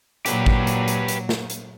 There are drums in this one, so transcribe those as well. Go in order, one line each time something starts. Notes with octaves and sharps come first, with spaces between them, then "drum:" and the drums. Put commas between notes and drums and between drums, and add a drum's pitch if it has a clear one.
A#2 F#3 G4 B4, drum: hi-hat
drum: kick G#1
drum: hi-hat
drum: hi-hat
drum: hi-hat
drum: snare
drum: hi-hat